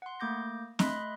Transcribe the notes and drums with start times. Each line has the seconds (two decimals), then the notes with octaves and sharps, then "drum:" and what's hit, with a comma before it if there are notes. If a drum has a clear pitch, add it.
0.02 F#5 C6
0.20 A3 A#3 D6 G6 A#6
0.79 A3 D#5 E5 B5 C6 F#6, drum: snare C4